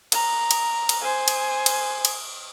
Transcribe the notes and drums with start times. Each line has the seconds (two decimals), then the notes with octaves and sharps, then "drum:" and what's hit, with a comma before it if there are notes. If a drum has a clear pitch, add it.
0.12 A#5, drum: cymbal
0.51 drum: cymbal
0.89 drum: cymbal
1.01 C5 G#5
1.28 drum: cymbal
1.66 drum: cymbal
2.05 drum: cymbal